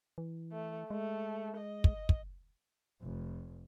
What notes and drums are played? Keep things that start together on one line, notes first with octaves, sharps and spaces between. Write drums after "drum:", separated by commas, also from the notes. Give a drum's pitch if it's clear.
E3
A3
G#3 A3
D#5
drum: kick
drum: kick
F1